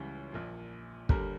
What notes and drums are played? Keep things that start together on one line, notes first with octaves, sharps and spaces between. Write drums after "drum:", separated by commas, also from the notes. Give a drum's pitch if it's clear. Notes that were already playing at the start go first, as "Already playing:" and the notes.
Already playing: C#2 C#3 E3 G3
A#1 A#2 F3
D#2 D3 G3 A#4, drum: kick